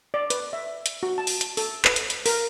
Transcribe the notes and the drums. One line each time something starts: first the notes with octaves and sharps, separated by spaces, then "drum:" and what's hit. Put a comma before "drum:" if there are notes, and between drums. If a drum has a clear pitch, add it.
D5
B4, drum: hi-hat
E5
drum: hi-hat
F#4
A5
drum: open hi-hat
drum: hi-hat
A4, drum: open hi-hat
B4, drum: clap
drum: hi-hat
drum: hi-hat
A#4, drum: open hi-hat